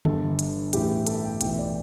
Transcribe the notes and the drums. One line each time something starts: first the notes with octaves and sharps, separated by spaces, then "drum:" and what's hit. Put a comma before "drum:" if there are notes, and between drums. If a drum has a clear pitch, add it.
G1 G2 D3 A4, drum: tom D3
drum: hi-hat
A1 A2 E3 G4, drum: hi-hat
A4, drum: hi-hat
E5
G5
B1 A2 E3 G5, drum: hi-hat
E5
D5